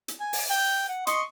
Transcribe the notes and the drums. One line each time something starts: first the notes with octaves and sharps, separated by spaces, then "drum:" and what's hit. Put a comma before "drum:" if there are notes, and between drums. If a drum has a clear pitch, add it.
drum: hi-hat
G#5
drum: open hi-hat
G5
F#5
D#5 C6 C#6, drum: hi-hat